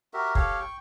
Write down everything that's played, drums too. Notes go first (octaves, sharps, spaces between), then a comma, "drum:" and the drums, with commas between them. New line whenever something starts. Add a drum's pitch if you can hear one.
F#4 G4 A#4 E5
G4 A4 C#5 F5, drum: kick
G5 C#6